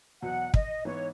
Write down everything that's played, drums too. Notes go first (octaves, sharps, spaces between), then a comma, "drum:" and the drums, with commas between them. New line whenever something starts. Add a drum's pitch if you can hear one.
E2 B2 F#3 F#5
D#5, drum: kick
G#2 E3 B3 C#5